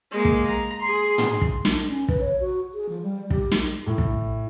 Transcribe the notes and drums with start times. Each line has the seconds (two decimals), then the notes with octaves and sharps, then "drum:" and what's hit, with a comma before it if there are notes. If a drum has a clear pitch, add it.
0.11 G#3 A#3
0.25 drum: kick
0.47 A#5
0.81 G#4 C6
1.18 drum: tom
1.41 drum: kick
1.65 D4, drum: snare
1.88 C#4
2.08 B4, drum: kick
2.20 C#5
2.40 F#4
2.74 G#4
2.89 F3
3.03 G3
3.30 G4, drum: kick
3.51 drum: snare
3.86 A2
3.98 drum: kick